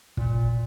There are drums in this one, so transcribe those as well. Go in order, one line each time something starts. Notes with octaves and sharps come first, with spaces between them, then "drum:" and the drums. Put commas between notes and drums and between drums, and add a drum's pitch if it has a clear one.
A#2, drum: kick